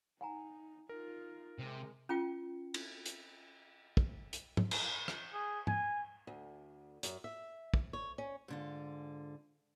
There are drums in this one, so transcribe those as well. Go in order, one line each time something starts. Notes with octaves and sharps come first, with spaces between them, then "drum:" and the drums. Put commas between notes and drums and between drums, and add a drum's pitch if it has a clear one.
D#4 F#5 G#5 A#5
D#4 F4 A#4
C3 G#3
C#4 F4 G5
drum: cymbal
drum: hi-hat
drum: kick
drum: hi-hat
drum: tom
drum: cymbal
drum: rim click
G#4
G#5, drum: tom G#2
D2
F#2, drum: hi-hat
E5
drum: kick
C#5
C#4
G#2 D3 F4